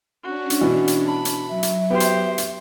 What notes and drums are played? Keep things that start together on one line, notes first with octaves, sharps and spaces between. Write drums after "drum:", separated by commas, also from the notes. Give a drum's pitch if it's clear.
C#4 D4 F#4
drum: hi-hat
B2 E3
drum: hi-hat
A5 B5
drum: hi-hat
F#3 E5
drum: hi-hat
B3 G4 C5
drum: hi-hat
drum: hi-hat